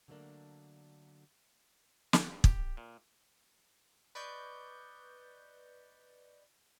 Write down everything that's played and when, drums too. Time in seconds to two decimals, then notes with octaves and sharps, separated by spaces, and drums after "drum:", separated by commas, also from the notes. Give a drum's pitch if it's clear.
0.08 D3 F#3 A3 A#3 D4
2.13 G4, drum: snare
2.32 G2
2.44 G4, drum: kick
2.77 A#2
4.15 B4 D5 D#5 C#6 G6